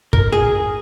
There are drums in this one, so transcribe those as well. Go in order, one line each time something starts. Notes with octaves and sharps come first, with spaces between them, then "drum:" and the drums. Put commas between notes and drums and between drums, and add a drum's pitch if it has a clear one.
A#4, drum: kick
G#4